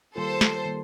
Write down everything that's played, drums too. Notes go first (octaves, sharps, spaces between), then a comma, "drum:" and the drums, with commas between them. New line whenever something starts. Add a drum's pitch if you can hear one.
D#3 G3 A#3 F4 A4 C5
drum: snare
D#3 G3 A#3